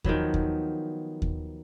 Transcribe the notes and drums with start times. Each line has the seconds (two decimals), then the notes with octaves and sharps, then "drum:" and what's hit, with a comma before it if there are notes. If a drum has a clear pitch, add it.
0.04 D#3 F3 F#3 B3, drum: kick D#2
0.34 drum: kick D#2
1.22 drum: kick D#2